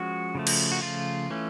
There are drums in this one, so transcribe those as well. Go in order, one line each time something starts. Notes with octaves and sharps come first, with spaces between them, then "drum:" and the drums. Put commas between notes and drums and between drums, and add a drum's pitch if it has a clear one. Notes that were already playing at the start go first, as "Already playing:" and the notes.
Already playing: F3 G#3 C#4 F#4
C#3 F3 A3
drum: cymbal
F#4
F4
E3 A3 C#4